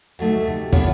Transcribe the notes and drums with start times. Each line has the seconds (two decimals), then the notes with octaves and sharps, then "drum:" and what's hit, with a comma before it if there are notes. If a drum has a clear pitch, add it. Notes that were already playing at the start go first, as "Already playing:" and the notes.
0.19 D2 F#3 A3 D#4
0.47 C3
0.72 B3 D4 E4 F4 A#4 C#5, drum: kick